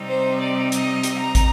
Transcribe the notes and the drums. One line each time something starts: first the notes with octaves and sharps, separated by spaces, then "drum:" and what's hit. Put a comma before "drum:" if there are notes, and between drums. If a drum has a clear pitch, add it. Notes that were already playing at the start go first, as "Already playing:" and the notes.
Already playing: C3 G3 C4 D#4
C5
D5
D#5, drum: hi-hat
drum: hi-hat
A#5
drum: kick, hi-hat